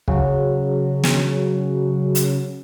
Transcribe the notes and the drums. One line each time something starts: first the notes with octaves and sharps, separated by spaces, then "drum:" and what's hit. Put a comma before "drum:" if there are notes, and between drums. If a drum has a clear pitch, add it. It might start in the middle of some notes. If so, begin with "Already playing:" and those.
C#3 F#3, drum: kick
drum: snare
drum: hi-hat